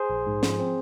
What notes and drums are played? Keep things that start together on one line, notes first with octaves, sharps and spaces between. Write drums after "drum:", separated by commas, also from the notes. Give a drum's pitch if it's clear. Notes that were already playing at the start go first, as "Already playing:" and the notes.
Already playing: G#4 C5
A#1
G#2
F3, drum: snare
C4